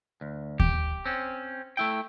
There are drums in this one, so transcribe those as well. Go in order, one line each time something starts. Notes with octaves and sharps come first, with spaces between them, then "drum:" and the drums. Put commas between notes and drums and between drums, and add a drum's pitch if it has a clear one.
D2
G4, drum: kick D#2
C4 C#4
A3 E4 G5